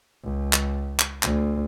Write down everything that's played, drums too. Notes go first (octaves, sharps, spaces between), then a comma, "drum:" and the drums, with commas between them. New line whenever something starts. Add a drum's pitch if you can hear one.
C#2
drum: clap
drum: clap
D2, drum: clap